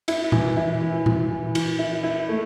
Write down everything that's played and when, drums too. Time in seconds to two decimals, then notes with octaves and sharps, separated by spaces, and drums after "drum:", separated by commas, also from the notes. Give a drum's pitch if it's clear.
0.08 E4, drum: cymbal
0.32 E3, drum: tom A#2
0.57 E4
0.81 E3
1.06 E3, drum: tom A#2
1.30 E3
1.55 E3, drum: cymbal
1.79 E4
2.03 E4
2.29 A3